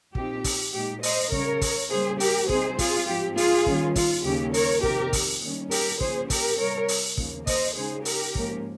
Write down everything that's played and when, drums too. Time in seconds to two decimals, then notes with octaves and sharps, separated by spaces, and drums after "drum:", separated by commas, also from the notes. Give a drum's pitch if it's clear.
0.15 A#2 F3 C4 D#4 G4, drum: kick
0.44 drum: kick, open hi-hat
0.74 A#2 G#3 D#4 G4
1.03 C5 D#5, drum: open hi-hat
1.32 C#3 G3 C#4 A#4 C#5, drum: kick
1.61 drum: kick, open hi-hat
1.91 C#3 G3 A#3 G#4 C5
2.20 G4 A#4, drum: open hi-hat
2.49 C3 G3 C4 D#4 G#4 C5, drum: kick
2.79 F4 G#4, drum: kick, open hi-hat
3.08 G#2 F3 C4 G4
3.37 F4 G#4, drum: open hi-hat
3.66 D#2 D#3 G3 C#4, drum: kick
3.96 F4, drum: kick, open hi-hat
4.25 D#2 C#3 G3 C#4 G4
4.54 A#4 C#5, drum: open hi-hat
4.83 F2 C3 D#3 G4 A#4, drum: kick
5.13 drum: kick, open hi-hat
5.42 D#2 D#3 G3 C#4
5.71 G4 A#4, drum: open hi-hat
6.00 C#3 F3 A#3 C#4 G#4 C5, drum: kick
6.30 G4 A#4, drum: kick, open hi-hat
6.59 C3 G3 C4 A#4 C#5
6.88 drum: open hi-hat
7.18 D#2 C#3 F3 A#3, drum: kick
7.47 C5 D#5, drum: kick, open hi-hat
7.76 C#3 G#3 D#4 G#4 C5
8.05 G4 A#4, drum: open hi-hat
8.35 G#2 F3 A#3 C#4, drum: kick